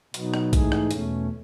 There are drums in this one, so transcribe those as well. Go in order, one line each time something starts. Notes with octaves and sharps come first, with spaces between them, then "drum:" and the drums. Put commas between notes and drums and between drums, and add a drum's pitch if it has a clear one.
B2 F#3 B3 D#4, drum: hi-hat
drum: rim click
G#2 E3 A3 D#4 G#4, drum: kick, hi-hat
drum: rim click
E2 B2 A3 C#4, drum: hi-hat